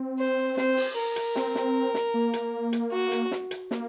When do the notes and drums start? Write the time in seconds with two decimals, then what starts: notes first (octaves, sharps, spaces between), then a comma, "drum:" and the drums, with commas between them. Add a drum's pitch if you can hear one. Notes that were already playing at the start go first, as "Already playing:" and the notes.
Already playing: C4
0.19 C5
0.57 C5, drum: snare
0.77 drum: open hi-hat
0.97 A#4
1.16 drum: hi-hat
1.35 C4, drum: snare
1.55 drum: snare
1.94 drum: snare
2.14 A#3
2.33 drum: hi-hat
2.73 drum: hi-hat
2.92 F#4
3.12 drum: hi-hat
3.31 drum: snare
3.51 drum: hi-hat
3.71 A#3, drum: snare